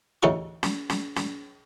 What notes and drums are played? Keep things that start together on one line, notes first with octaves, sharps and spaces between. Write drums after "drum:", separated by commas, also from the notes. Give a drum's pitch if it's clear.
A1 D2 C#4 D#4 E4 C#6
drum: snare
drum: snare
drum: snare